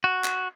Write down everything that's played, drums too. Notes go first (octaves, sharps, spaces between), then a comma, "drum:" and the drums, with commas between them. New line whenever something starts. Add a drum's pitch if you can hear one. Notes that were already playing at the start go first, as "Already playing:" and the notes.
F#4
drum: clap